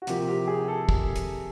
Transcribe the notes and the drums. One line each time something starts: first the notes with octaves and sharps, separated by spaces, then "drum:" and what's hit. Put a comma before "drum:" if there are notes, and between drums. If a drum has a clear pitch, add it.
F#4
C3 F3 A#3 G4, drum: hi-hat
G4
G#4
A4
drum: kick
drum: hi-hat